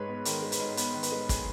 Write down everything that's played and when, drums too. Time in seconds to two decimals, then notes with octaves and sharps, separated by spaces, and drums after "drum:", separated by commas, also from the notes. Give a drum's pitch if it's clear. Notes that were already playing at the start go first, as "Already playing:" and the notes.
Already playing: G#2 G#3 B4 C#5
0.08 B3
0.25 D#3 A#4, drum: hi-hat
0.42 G#3
0.52 B4, drum: hi-hat
0.60 G#2
0.77 B3 B4, drum: hi-hat
0.94 D#3
1.03 B4, drum: hi-hat
1.12 G#3
1.29 G#4, drum: kick, hi-hat